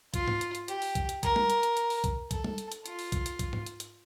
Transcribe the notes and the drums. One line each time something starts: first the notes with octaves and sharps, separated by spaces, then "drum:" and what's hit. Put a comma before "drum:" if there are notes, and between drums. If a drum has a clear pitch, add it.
F4, drum: kick B1, hi-hat
drum: tom G#2
drum: hi-hat
drum: hi-hat
G4, drum: hi-hat
drum: open hi-hat
drum: kick B1, hi-hat
drum: hi-hat
A#4, drum: kick B1, hi-hat
drum: tom
drum: hi-hat
drum: hi-hat
drum: hi-hat
drum: open hi-hat
drum: kick B1, hi-hat
A4, drum: kick B1, hi-hat
drum: tom
drum: hi-hat
drum: hi-hat
F4, drum: hi-hat
drum: open hi-hat
drum: kick B1, hi-hat
drum: hi-hat
drum: kick B1, hi-hat
drum: tom G#2
drum: hi-hat
drum: hi-hat